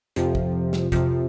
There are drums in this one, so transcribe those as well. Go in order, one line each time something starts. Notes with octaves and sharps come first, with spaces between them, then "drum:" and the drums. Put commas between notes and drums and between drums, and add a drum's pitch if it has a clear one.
F2 C3 F3, drum: hi-hat
drum: kick
drum: snare
F2 C3 F3, drum: kick, hi-hat